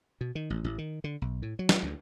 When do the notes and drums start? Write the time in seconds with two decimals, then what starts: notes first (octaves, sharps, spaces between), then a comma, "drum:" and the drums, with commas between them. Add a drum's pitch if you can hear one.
0.21 B2
0.35 D#3
0.50 A1
0.64 A1
0.78 D#3
1.04 D3
1.22 B1
1.42 A2
1.59 F#3
1.69 drum: snare
1.83 D2